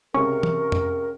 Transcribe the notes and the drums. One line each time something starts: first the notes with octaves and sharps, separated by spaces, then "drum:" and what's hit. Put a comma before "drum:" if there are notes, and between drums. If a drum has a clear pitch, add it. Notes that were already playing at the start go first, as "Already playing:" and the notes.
C#2 C3 C#4 A#4 C#6
drum: tom E3
drum: tom